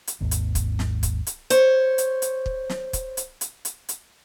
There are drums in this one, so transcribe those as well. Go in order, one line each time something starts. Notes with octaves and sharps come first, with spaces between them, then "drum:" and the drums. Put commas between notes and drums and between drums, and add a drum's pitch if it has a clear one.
drum: hi-hat
G#1 D#2 G#2
drum: hi-hat
drum: kick, hi-hat
drum: snare
drum: kick, hi-hat
drum: hi-hat
C5 C#5, drum: hi-hat
drum: hi-hat
drum: hi-hat
drum: kick
drum: snare
drum: kick, hi-hat
drum: hi-hat
drum: hi-hat
drum: hi-hat
drum: hi-hat